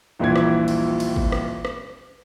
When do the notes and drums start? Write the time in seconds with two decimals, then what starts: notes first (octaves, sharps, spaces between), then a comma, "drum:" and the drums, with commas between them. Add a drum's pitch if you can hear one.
0.19 D#1 A#1 A#2 E3 E4 G#6
0.36 drum: rim click
0.68 drum: cymbal
1.00 drum: cymbal
1.16 drum: kick
1.32 drum: rim click
1.65 drum: rim click